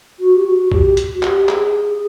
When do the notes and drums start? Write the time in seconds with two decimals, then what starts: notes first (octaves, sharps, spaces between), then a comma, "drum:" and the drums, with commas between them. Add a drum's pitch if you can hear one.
0.20 F#4
0.36 G4
0.46 F#4
0.72 G4, drum: kick
0.97 drum: hi-hat
1.15 F#4
1.23 G4, drum: clap
1.49 G#4, drum: clap